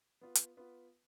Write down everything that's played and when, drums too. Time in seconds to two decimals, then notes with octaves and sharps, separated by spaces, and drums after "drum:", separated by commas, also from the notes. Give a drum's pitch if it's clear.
0.21 B3 F4 B4
0.35 drum: hi-hat
0.57 B3 F4 B4